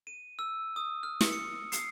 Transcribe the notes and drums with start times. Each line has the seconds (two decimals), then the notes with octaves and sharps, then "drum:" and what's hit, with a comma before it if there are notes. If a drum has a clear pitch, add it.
0.07 D#7
0.39 E6
0.76 D#6
1.03 F6
1.21 C#7, drum: snare
1.32 C#7
1.72 C7, drum: hi-hat